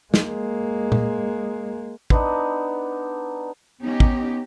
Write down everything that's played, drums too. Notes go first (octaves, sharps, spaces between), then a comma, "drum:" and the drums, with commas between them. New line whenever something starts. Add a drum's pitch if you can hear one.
G#3 A#3, drum: snare
drum: tom A#2
B3 D4 D#4, drum: kick
B3 C#4 D#4 G4
drum: kick